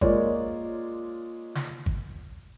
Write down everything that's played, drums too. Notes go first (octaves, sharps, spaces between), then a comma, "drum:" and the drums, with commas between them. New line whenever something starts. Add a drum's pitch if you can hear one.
G#3 A#3 F4 C#5 D5, drum: kick G#1
drum: snare
drum: kick G#1